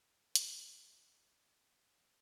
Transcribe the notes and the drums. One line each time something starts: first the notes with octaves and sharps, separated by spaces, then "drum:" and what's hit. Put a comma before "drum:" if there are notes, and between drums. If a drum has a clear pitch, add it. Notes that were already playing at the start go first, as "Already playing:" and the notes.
F#2 F#3 G3 A3
drum: hi-hat